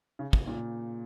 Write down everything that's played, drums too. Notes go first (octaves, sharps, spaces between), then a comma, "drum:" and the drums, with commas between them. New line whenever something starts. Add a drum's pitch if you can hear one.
C#3
drum: kick
A#2